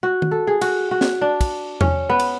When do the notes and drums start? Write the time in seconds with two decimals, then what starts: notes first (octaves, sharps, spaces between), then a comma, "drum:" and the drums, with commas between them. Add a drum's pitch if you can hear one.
0.03 F#4
0.22 drum: tom D#3
0.31 A4
0.47 G#4
0.61 F#4, drum: cymbal
0.91 F#4
1.01 drum: snare
1.21 D4
1.41 drum: kick, cymbal
1.81 C#4, drum: tom E2
2.10 B3
2.20 drum: cymbal